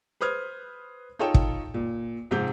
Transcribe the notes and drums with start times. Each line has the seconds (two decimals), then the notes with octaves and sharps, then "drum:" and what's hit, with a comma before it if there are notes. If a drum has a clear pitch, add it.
0.21 B4 C5 D#6 F6 G#6
1.19 D#4 F4 A4 C#5 G5 E7
1.34 drum: kick
1.74 A#2
2.31 G#2 C3 F3 C4 G4 G6